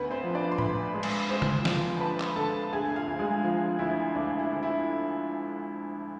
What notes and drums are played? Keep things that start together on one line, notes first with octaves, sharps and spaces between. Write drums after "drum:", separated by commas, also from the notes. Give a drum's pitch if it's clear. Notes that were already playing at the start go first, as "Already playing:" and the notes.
Already playing: D2 B3 B4
C4 C5
F3
D4 D5
C6
D2 B4 B5, drum: tom
G#3
drum: cymbal
G#3 C5 C6
drum: tom
F3, drum: snare
A5
D3 B4 B5
drum: clap
D3 A4 A5
D2 G#4 G#5
G#5
F4 F5
D2
G#3 G#4
D3 F3 F4
D2 E4
D2 D4
E4
D3
E4